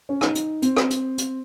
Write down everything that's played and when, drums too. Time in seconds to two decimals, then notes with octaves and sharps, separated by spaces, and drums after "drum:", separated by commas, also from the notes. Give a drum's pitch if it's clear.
0.09 C#4
0.21 D#4, drum: rim click
0.35 drum: hi-hat
0.62 C4, drum: hi-hat
0.77 drum: rim click
0.90 drum: hi-hat
1.18 drum: hi-hat